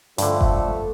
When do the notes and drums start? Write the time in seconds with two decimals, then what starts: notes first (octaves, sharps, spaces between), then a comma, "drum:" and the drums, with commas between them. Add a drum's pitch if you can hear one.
0.18 G2 D3 F3 A3, drum: hi-hat
0.41 drum: kick F#1